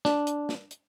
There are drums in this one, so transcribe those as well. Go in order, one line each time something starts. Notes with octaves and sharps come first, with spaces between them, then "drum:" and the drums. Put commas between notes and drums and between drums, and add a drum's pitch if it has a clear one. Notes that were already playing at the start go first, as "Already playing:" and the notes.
D4, drum: snare
drum: hi-hat
drum: snare
drum: hi-hat